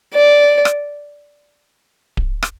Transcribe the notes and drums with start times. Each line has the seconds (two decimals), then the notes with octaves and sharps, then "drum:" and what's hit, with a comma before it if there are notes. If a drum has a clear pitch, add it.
0.14 D5
0.65 drum: rim click
2.17 drum: kick D1
2.43 drum: rim click